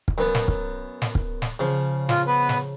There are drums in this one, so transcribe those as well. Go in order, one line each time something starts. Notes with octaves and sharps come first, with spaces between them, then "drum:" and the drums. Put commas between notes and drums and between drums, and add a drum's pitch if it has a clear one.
drum: kick
F#2 B3
drum: snare
drum: kick
drum: snare
drum: kick
drum: snare
C#3 F3
F4, drum: snare
B3 B4
drum: snare